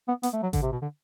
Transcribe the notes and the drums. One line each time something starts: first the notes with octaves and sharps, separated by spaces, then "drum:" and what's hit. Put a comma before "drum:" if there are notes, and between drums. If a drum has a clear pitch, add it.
B3
B3, drum: hi-hat
A3
F#3
D3, drum: kick A1, hi-hat
C3
B2
D3